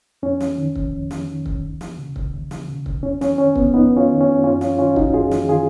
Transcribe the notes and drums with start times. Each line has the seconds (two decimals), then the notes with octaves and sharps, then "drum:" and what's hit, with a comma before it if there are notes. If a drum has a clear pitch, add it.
0.23 F2 C#4
0.40 drum: snare
0.58 D#3
0.76 drum: kick C#1
0.93 F2
1.11 drum: snare
1.28 D#3
1.46 drum: kick C#1
1.63 D#2
1.81 drum: snare
1.98 C#3
2.16 drum: kick C#1
2.34 D#2
2.51 drum: snare
2.68 C#3
2.86 drum: kick C#1
3.03 F2 C#4
3.21 C#4, drum: snare
3.38 D#3 C#4
3.56 B3, drum: kick C#1
3.73 F2 B3 D#4
3.97 C#4 F4
4.09 D#3
4.21 C#4
4.44 F#2 C#4 F4
4.61 C#4 F4, drum: snare
4.79 D#3 C#4 F4
4.96 D#4 F#4, drum: kick C#1
5.14 F#2 F4 G#4
5.31 drum: snare
5.49 D#3 F4 G#4